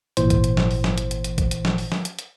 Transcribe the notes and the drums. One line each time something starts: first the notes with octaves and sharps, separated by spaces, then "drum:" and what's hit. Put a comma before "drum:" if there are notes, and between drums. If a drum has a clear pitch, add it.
G#1 A#2 E3 C5, drum: hi-hat
drum: kick, hi-hat
drum: hi-hat
drum: snare
drum: open hi-hat
drum: snare
drum: hi-hat
drum: hi-hat
drum: hi-hat
drum: kick, hi-hat
drum: hi-hat
drum: snare
drum: open hi-hat
drum: snare
drum: hi-hat
drum: hi-hat